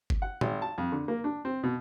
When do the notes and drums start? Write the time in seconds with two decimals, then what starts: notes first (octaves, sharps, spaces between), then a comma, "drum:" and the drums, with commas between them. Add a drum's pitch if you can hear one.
0.10 drum: kick G1
0.22 F#5
0.41 G#1, drum: tom
0.62 A5
0.78 F2
0.92 D3
1.08 A#3
1.24 D4
1.45 C4
1.63 B2